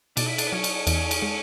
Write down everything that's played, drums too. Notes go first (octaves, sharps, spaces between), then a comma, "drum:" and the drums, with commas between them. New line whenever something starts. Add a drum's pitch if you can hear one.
B2 D4, drum: cymbal
E4
D4, drum: cymbal
B3
F#3 C#4
drum: cymbal
E2 C#4, drum: cymbal
drum: cymbal
G#3